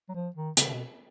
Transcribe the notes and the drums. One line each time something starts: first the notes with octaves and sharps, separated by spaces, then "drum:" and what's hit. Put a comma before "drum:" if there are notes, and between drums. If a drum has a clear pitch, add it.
F#3
F3
D#3
C#3, drum: hi-hat
C#3
B2